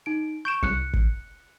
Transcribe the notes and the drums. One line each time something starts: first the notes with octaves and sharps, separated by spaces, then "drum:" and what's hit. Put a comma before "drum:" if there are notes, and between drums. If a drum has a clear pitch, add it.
D#4 D7
C#6 G6 D7 E7
C2 F#6 C#7
drum: kick